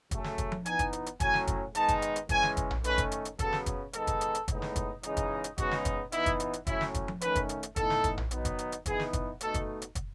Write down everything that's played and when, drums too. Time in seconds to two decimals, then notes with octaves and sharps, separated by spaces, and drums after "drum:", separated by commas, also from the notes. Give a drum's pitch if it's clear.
0.11 C#3 F#3 A3 C#4, drum: kick, hi-hat
0.24 drum: snare
0.38 drum: kick, hi-hat
0.52 drum: tom F3
0.66 E3 B3 D#4 G#5, drum: hi-hat
0.79 drum: kick, hi-hat
0.93 drum: hi-hat
1.06 drum: hi-hat
1.20 A2 F#3 C#4 G#5, drum: kick, hi-hat
1.34 drum: snare
1.47 drum: kick, hi-hat
1.75 D#3 G#3 B3 D#4 A5, drum: hi-hat
1.88 drum: kick, hi-hat
2.02 drum: hi-hat
2.16 drum: hi-hat
2.29 E3 G#3 C#4 G#5, drum: kick, hi-hat
2.43 drum: snare
2.57 drum: kick, hi-hat
2.70 drum: tom A#1
2.84 D#3 A3 C#4 B4, drum: hi-hat
2.98 drum: kick, hi-hat
3.12 drum: hi-hat
3.25 drum: hi-hat
3.39 C#3 F#3 B3 A4, drum: kick, hi-hat
3.53 drum: snare
3.66 drum: kick, hi-hat
3.93 D#3 G#3 B3 D#4 A4, drum: hi-hat
4.07 drum: kick, hi-hat
4.21 drum: hi-hat
4.35 drum: hi-hat
4.48 A2 G#3 B3 D#4, drum: kick, hi-hat
4.62 drum: snare
4.76 drum: kick, hi-hat
5.03 C#3 E3 G#3 D#4, drum: hi-hat
5.17 drum: kick, hi-hat
5.44 drum: hi-hat
5.58 C#3 G#3 B3 D#4 F#4, drum: kick, hi-hat
5.71 drum: snare
5.85 drum: kick, hi-hat
6.12 E3 B3 D#4 E4, drum: hi-hat
6.26 drum: kick, hi-hat
6.40 drum: hi-hat
6.53 drum: hi-hat
6.67 A2 F#3 C#4 E4, drum: kick, hi-hat
6.81 drum: snare
6.94 drum: kick, hi-hat
7.08 drum: tom F3
7.21 D#3 A3 C#4 B4, drum: hi-hat
7.35 drum: kick, hi-hat
7.49 drum: hi-hat
7.63 drum: hi-hat
7.76 A2 E3 B3 D#4 A4, drum: kick, hi-hat
7.90 drum: snare
8.04 drum: kick, hi-hat
8.18 drum: tom A#1
8.31 D#3 F#3 B3 D#4, drum: hi-hat
8.45 drum: kick, hi-hat
8.59 drum: hi-hat
8.72 drum: hi-hat
8.86 E3 B3 D#4 G#4, drum: kick, hi-hat
9.00 drum: snare
9.13 drum: kick, hi-hat
9.41 B2 A3 D#4 A4, drum: hi-hat
9.54 drum: kick, hi-hat
9.82 drum: hi-hat
9.95 drum: kick, hi-hat